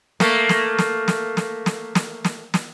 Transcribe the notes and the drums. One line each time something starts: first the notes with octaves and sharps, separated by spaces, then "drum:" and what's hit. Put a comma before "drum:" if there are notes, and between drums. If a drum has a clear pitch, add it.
A3 A#3, drum: snare
drum: snare
drum: snare
drum: snare
drum: snare
drum: snare
drum: snare
drum: snare
drum: snare